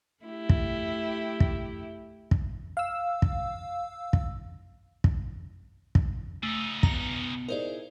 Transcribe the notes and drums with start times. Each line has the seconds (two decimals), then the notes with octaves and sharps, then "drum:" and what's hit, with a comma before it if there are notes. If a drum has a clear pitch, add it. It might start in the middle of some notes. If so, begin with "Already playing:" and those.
0.23 A3 E4 G4
0.49 drum: kick
1.40 drum: kick
2.31 drum: kick
2.77 F5 E6
3.22 drum: kick
4.13 drum: kick
5.04 drum: kick
5.95 drum: kick
6.43 C#3 A3 D#4
6.83 B2 A#5 C#7, drum: kick
7.48 D#4 E4 G#4 A#4 C5 D5